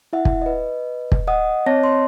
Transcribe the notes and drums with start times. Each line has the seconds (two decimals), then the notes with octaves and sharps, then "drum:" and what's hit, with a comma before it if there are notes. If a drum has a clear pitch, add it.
0.13 E4 E5 F#5
0.25 drum: kick
0.42 B4 D#5
1.12 drum: kick
1.27 D#5 F#5 D#6
1.66 C4 C#5 D#5 A5 A#6
1.84 C6